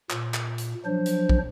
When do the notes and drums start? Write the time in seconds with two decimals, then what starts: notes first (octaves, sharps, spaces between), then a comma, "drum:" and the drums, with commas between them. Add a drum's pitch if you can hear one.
0.10 A#2, drum: clap
0.34 drum: clap
0.58 drum: hi-hat
0.85 F3 F#3 D4 C5
1.06 drum: hi-hat
1.29 drum: kick